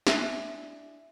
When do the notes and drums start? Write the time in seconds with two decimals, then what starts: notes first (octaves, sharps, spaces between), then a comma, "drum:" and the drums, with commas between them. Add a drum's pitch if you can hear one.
0.07 D4 E4 E5 G#5, drum: snare